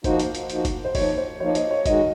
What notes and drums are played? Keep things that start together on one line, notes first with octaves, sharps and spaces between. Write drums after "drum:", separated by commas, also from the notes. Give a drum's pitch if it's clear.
F3 A#3 D#4 F#4 C5, drum: kick, hi-hat
drum: hi-hat
drum: hi-hat
F3 A#3 D#4 F#4, drum: hi-hat
drum: kick, hi-hat
C5
F3 A#3 D#4 C#5, drum: kick, open hi-hat
C5
F3 A#3 D#4 C#5
D#5, drum: hi-hat
C#5
D#3 G#3 D#4 F#4 D#5, drum: kick, hi-hat